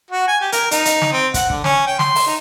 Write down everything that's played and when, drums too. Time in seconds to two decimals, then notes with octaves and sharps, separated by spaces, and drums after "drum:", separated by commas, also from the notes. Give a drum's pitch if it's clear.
0.11 F#4
0.28 G#5
0.41 G4
0.52 A#4, drum: hi-hat
0.71 D#4, drum: hi-hat
0.85 drum: hi-hat
1.02 drum: snare
1.13 C4
1.34 F#5, drum: kick, hi-hat
1.50 D3, drum: kick
1.64 C#4, drum: snare
1.87 G5
1.99 C6, drum: snare
2.15 drum: open hi-hat
2.27 D#4